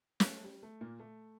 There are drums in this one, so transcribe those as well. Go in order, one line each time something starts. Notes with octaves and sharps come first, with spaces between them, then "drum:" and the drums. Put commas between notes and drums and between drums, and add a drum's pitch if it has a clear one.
A#3, drum: snare
A3
G3
A3
A#2 A#3
A3